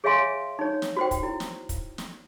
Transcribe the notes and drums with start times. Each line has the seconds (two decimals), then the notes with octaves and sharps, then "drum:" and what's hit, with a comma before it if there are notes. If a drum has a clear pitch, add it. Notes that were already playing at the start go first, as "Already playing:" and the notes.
0.04 G#4 C#5 E5 F5 G#5 C6
0.59 D#4 C#5
0.82 drum: snare
0.97 F#4 C5 G5
1.11 drum: kick, hi-hat
1.23 E4
1.40 drum: snare
1.69 drum: kick, hi-hat
1.98 drum: snare